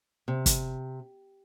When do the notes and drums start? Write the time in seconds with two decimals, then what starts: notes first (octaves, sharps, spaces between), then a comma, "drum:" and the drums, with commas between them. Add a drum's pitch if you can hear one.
0.28 C3
0.46 drum: kick, hi-hat